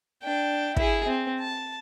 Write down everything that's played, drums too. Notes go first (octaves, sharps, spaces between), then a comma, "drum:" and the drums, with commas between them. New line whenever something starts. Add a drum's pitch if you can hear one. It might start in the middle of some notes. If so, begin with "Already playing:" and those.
D4 G5
E4 G#4, drum: kick
C4
A5